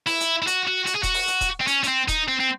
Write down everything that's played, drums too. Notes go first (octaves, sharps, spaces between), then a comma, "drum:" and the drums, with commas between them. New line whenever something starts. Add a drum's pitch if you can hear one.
E4, drum: open hi-hat
drum: hi-hat
E4
F#4, drum: hi-hat
F#4
F#4, drum: hi-hat
G#4
F#4, drum: kick D#1, hi-hat
drum: open hi-hat
drum: hi-hat
drum: kick D#1, hi-hat
C4
C#4, drum: hi-hat
C#4, drum: hi-hat
C4
D#4, drum: kick D#1, hi-hat
C4
C4